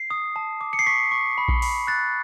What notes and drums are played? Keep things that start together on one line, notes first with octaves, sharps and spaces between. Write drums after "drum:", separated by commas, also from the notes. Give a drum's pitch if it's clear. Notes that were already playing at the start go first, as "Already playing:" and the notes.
Already playing: C7
D#6
A5
D6
C#7
C7
C#6 B6
C#6
B5
drum: kick A#1
B5, drum: open hi-hat
F#6 A6